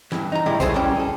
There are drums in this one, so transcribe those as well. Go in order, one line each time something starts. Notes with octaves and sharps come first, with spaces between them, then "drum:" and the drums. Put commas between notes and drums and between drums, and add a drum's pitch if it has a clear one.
G2 E3, drum: snare
D#4 A#5
A2 D3 D#3 G3 G#3 E4
F#3 G3 G#4 A4 B4 C5, drum: kick, tambourine
F#2 A2 G3 C#4 G5
G#4 A4